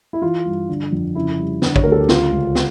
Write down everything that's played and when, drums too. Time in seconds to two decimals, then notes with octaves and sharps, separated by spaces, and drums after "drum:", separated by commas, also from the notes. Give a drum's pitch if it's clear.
0.13 E4
0.22 E3 F4
0.46 G2
0.69 D3
0.92 F2
1.15 C#3 E4
1.39 G3
1.62 D3, drum: snare
1.76 C#5, drum: kick
1.84 D2 A#4
1.92 A4
2.00 G4
2.09 C#3 F4, drum: snare
2.32 C#2
2.55 drum: snare